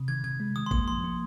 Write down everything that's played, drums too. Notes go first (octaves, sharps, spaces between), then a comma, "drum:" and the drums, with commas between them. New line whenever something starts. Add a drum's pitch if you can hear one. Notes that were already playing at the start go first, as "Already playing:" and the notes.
Already playing: C3
D#3 G#6
C3 G#6
G#3
D#3 D#6
C6
A#3 D#6, drum: kick G#1
F3 C6
A#3